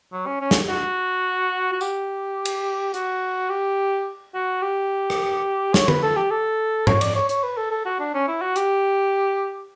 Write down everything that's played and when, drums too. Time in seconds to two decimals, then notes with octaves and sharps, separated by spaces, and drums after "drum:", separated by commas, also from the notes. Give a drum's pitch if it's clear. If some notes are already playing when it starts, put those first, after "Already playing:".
0.13 F#3
0.26 C#4
0.41 C#4
0.51 drum: snare
0.69 F#4
1.73 F#4
1.81 G4, drum: tambourine
2.45 drum: cymbal
2.94 F#4, drum: hi-hat
3.49 G4
4.34 F#4
4.62 G4
5.10 drum: rim click
5.74 C#5, drum: snare
5.88 B4, drum: tom D3
6.03 A4
6.16 G4
6.30 A4
6.87 C#5, drum: tom G#2
7.01 D5, drum: cymbal
7.16 C#5
7.29 C#5, drum: hi-hat
7.43 B4
7.57 A4
7.71 A4
7.85 F#4
8.00 D4
8.14 C#4
8.28 E4
8.42 F#4
8.56 G4, drum: hi-hat